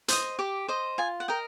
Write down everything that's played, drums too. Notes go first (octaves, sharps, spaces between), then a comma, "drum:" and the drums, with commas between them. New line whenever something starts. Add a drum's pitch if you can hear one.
C5 D#5 D#6, drum: hi-hat
G4 D6
C5 D#5
F4 G#5
F#5
A#4 D#5 G5